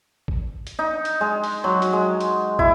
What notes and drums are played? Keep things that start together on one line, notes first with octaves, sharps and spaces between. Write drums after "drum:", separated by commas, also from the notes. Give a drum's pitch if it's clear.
drum: kick
drum: hi-hat
D#4
drum: hi-hat
G#3
drum: open hi-hat
F#3
drum: hi-hat
G#3
drum: hi-hat
E4, drum: kick